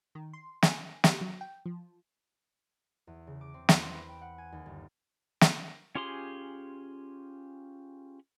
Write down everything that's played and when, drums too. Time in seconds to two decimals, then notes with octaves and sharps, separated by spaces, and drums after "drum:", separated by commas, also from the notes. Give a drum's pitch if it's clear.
0.15 D#3
0.33 C6
0.63 G#5, drum: snare
1.04 G4, drum: snare
1.21 F#3
1.41 G5
1.66 F3
3.07 E2
3.27 C#3
3.41 D6
3.54 C4
3.69 E2, drum: snare
3.81 C6
3.95 B4
4.09 G5
4.21 F#5
4.38 G#5
4.52 D#2
4.66 G1
5.41 drum: snare
5.95 C#4 F4 G4 G#4 C6